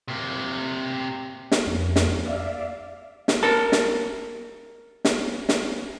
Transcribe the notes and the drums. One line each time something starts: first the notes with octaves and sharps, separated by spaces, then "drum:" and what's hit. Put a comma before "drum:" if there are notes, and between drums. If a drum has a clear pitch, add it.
C3 A#3
drum: snare
F2 A#3
drum: snare
D5 E5 F5
drum: snare
A#4 A5
drum: snare
drum: snare
drum: snare